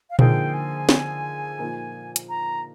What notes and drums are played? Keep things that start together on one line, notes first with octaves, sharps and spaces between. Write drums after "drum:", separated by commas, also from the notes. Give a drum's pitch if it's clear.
F5
D3 F3 A#3 D#4 G#4 G5, drum: tom A#2
G#5
drum: snare
A#2 F3 A#3 D#4
drum: hi-hat
A#5